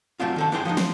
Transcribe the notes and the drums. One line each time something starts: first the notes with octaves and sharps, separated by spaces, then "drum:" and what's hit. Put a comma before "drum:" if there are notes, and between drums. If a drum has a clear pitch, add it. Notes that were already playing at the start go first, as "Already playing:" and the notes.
F#3 A3 C4 D4 F4
D#3 A4 A5
A3 D4 E4 G#4 C5 G5
F3 G#3 C#4 D#4
C6, drum: snare